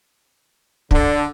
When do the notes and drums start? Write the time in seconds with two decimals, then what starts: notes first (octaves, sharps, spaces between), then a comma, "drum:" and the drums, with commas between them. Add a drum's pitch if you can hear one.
0.91 D3 D4, drum: kick